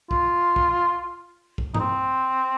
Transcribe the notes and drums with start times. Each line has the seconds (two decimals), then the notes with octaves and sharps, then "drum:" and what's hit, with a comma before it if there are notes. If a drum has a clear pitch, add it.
0.11 F4, drum: kick A#1
0.56 drum: kick A#1
1.58 drum: kick A#1
1.74 D#4, drum: tom
1.80 C4